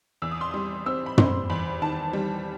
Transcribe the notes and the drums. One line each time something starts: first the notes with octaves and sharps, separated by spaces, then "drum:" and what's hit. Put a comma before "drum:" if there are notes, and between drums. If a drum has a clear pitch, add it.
E2 E6
D#6
C6
G3 D#6
C4 E6
B5
C4 C6, drum: tom
E2 B5
D#3 A5
G3